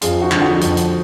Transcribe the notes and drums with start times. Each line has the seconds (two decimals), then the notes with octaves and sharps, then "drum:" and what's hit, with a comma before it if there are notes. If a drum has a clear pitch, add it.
0.01 F2 F4 G#4, drum: hi-hat
0.22 D#4 F#4
0.31 D3 F3, drum: clap
0.42 D#4 F#4
0.61 F2, drum: hi-hat
0.77 drum: hi-hat